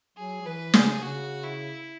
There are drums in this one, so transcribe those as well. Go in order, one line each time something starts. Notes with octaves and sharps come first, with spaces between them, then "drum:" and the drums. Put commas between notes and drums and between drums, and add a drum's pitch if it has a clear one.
F#3 G#4
F#3
E3 B4
C#3 G#4, drum: snare
C#3 F#4
E4